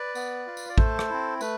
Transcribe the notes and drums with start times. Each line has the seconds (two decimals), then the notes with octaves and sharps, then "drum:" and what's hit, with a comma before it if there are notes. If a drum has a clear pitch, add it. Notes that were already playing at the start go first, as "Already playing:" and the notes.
Already playing: B4 D5
0.15 B3, drum: tambourine
0.47 F4
0.57 drum: tambourine
0.69 D5
0.78 A3 A4 C5, drum: kick
0.99 drum: rim click
1.10 C4 E4
1.41 A3 B4, drum: tambourine